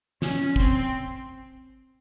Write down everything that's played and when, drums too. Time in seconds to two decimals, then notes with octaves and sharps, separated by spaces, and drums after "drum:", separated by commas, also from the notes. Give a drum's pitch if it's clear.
0.22 C#4, drum: snare
0.56 C4, drum: kick